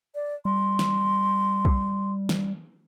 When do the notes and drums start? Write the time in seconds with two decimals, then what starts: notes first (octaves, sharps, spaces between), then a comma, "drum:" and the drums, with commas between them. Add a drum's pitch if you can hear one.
0.15 D5
0.45 G3 C6
0.79 drum: snare
1.65 drum: kick
2.29 drum: snare